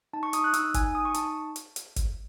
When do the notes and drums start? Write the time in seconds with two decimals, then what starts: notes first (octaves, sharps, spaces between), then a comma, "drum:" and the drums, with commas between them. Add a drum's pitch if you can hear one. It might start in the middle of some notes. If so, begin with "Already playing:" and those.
0.13 D#4 A5
0.23 C#6
0.33 D#4 D#6, drum: hi-hat
0.44 F#6
0.54 D#4 E6, drum: hi-hat
0.74 D#4 G#5, drum: kick G1, hi-hat
0.94 D#4 D#6
1.05 C#6
1.14 D#4 A5, drum: hi-hat
1.56 drum: hi-hat
1.76 drum: hi-hat
1.96 drum: kick G1, hi-hat